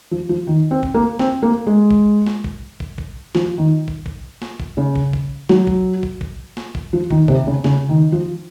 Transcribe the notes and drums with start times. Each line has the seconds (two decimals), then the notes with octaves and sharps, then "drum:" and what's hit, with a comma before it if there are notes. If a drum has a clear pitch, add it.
0.11 F3
0.29 F3
0.47 D#3
0.71 C4
0.83 drum: kick
0.94 A#3
1.19 C4, drum: snare
1.43 A#3
1.67 G#3
1.91 drum: kick
2.26 drum: snare
2.44 drum: kick
2.80 drum: kick
2.98 drum: kick
3.35 F3, drum: snare
3.58 D#3
3.88 drum: kick
4.06 drum: kick
4.42 drum: snare
4.60 drum: kick
4.77 C#3
4.95 drum: kick
5.13 drum: kick
5.49 F#3, drum: snare
5.67 drum: kick
6.03 drum: kick
6.21 drum: kick
6.57 drum: snare
6.75 drum: kick
6.93 F3
7.10 D#3, drum: kick
7.28 C3, drum: kick
7.47 C#3
7.64 C#3, drum: snare
7.89 D#3
8.12 F3